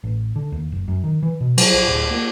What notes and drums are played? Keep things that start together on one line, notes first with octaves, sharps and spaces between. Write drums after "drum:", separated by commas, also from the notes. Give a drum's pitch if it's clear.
A1
D3
D#2
F#1
F#2
D#3
E3
B2
F#3, drum: cymbal
A#1
D1
A#3